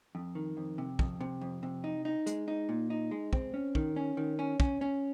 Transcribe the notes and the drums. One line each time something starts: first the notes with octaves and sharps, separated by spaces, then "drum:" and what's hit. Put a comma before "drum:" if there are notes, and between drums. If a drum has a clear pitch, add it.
F2
D#3
F2
C3
F2, drum: kick
C3
F2
C3
D#4
D#4
G#3, drum: hi-hat
D#4
A#2
D#4
G#3
C4, drum: kick
C#4
D#3, drum: kick
C#4
D#3
C#4
C#4, drum: kick
C#4